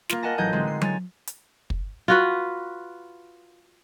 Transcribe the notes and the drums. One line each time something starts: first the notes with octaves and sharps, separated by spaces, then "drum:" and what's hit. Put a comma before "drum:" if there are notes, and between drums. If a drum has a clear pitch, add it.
A#3 F4, drum: snare
A#4 D#5 F#5 G#5 A5 A#6
A1 F#3 D#4 D#5 G6 G#6
D3 G#3 C4 D#4
C7
C#5 G#5 A6, drum: tom F#3
drum: hi-hat
drum: kick
F4 F#4 B4